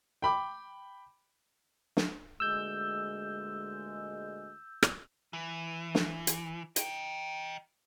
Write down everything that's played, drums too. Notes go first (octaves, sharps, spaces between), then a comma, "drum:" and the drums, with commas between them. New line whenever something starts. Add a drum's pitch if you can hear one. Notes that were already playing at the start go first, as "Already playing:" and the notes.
G5 B5 D6
drum: snare
D2 A#2 G#3 E6 G6
drum: rim click
E3
drum: snare
drum: hi-hat
D#5 G5, drum: hi-hat